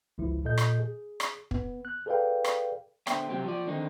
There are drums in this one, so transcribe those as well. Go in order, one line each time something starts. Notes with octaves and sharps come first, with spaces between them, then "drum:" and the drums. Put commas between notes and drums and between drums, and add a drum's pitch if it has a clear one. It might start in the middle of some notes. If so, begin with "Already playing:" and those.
G1 C#2 F3 E4
A#2 A4 D#5 G6
drum: rim click
G#4
drum: rim click
B3, drum: kick
F#6
G#4 A4 B4 D5 F5 G5
drum: rim click
D3 B3 C5 E5 G5, drum: rim click
C3 F#3 C4 G4
F3 D5
D3 D#3 C4 D#4